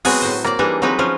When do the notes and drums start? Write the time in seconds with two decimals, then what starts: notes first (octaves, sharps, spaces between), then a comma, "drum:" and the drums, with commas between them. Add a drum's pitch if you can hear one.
0.05 F#3 G#3 B3 C4 G#4, drum: open hi-hat
0.22 A2 C5
0.44 A#3 D5, drum: rim click
0.59 E3 G3 D4 D#4 G#4
0.82 F#3 G#3 C4 D#4 B4
0.99 F3 C#4 F4